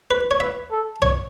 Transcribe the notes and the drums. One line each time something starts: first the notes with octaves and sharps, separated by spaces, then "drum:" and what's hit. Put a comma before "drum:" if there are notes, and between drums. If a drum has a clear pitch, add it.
B4
C#5
B4 E5
A4
C#5, drum: tom B1